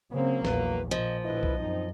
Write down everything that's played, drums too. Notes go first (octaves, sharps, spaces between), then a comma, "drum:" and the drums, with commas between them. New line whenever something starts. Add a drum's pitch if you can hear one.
C#3 F#3 A#3 C4
A#1 E2 B4, drum: snare
A#2 F3 D#5
D2 E4 B4 D#5
drum: kick
F#2 C4 D#4